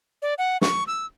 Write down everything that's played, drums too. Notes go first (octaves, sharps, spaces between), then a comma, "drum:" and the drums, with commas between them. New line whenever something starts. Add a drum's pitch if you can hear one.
D5
F#5
C#6, drum: snare
E6